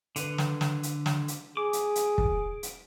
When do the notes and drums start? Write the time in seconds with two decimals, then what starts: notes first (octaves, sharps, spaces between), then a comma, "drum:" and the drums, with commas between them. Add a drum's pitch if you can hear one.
0.16 D3 B4, drum: hi-hat
0.38 drum: snare
0.61 drum: snare
0.83 drum: hi-hat
1.06 drum: snare
1.28 drum: hi-hat
1.57 G#4 D6
1.73 drum: hi-hat
1.95 drum: hi-hat
2.18 drum: kick
2.63 drum: hi-hat